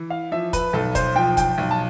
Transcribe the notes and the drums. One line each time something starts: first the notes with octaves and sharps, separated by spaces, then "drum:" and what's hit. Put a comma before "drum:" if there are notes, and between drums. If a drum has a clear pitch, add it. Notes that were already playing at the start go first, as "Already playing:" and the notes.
Already playing: E3
F5
F3 E5
B4, drum: kick, hi-hat
B1 A4
C5, drum: kick, hi-hat
F3 G5
G5, drum: kick, hi-hat
B1
A5